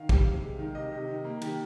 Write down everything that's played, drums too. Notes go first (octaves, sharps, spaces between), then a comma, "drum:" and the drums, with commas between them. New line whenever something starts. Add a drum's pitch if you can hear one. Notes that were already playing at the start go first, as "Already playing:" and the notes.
Already playing: D#3 F5
C3, drum: kick
C3
G#3
D#3
C3 D#5
C3
D#3
A#3
D#3 G4, drum: cymbal